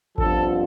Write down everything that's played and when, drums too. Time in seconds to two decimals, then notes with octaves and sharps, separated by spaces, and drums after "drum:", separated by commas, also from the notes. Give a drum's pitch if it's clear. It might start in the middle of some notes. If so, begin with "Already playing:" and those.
0.18 G1 F2 D3 F3 A4, drum: kick G#1